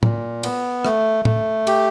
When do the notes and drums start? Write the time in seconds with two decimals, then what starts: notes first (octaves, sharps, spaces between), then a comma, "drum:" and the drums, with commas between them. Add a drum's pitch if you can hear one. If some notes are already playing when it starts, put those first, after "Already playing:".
0.03 A#2, drum: tom
0.43 B3, drum: cymbal
0.85 A3, drum: rim click
1.25 A3, drum: tom
1.67 G4, drum: cymbal